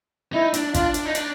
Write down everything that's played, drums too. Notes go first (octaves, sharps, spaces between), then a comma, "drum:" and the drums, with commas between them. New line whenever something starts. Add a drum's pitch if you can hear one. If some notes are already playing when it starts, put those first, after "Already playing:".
D#4 E4
D4, drum: hi-hat
D4 F4, drum: kick, hi-hat
drum: hi-hat
D#4
D4, drum: hi-hat